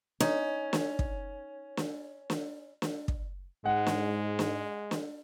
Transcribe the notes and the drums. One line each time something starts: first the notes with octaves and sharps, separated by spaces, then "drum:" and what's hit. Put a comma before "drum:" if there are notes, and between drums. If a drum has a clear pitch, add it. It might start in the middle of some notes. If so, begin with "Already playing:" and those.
C#4 D#4, drum: snare
drum: snare
drum: kick
drum: snare
drum: snare
drum: snare
drum: kick
G#2 G#3 F#5
drum: snare
drum: snare
drum: snare